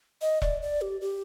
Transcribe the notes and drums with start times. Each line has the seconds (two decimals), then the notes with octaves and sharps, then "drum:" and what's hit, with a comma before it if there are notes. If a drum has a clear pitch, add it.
0.22 D#5
0.42 D5, drum: kick E1
0.62 D5
0.81 G4
1.01 G4